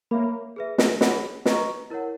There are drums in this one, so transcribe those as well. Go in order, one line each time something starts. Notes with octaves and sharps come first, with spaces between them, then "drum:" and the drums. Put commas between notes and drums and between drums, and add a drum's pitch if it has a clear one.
A#3 C#5 E5 B5
G#4 B4 E5
drum: snare
G#4 C#5 F#5 B5, drum: snare
B4 D#5 A#5 C#6, drum: snare
E4 A#4 C#5 F#5